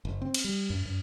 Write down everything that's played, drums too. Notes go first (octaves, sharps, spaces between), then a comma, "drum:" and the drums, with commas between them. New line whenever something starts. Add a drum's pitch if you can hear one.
F#1
C4
drum: cymbal
G3
F#2
F#2